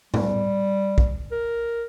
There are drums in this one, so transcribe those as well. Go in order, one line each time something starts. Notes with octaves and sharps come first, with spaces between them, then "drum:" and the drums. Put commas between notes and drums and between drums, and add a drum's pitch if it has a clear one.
G3, drum: tom A2
drum: kick
A#4